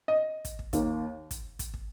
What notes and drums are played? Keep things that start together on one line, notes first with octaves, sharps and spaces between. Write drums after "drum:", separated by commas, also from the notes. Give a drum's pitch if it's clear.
D#5
drum: kick, hi-hat
drum: kick
D#2 D#3 A#3, drum: kick, hi-hat
drum: kick, hi-hat
drum: kick, hi-hat
drum: kick